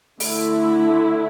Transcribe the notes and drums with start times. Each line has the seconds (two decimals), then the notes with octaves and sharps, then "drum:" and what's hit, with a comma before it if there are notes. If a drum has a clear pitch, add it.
0.20 D3 A3 E4, drum: open hi-hat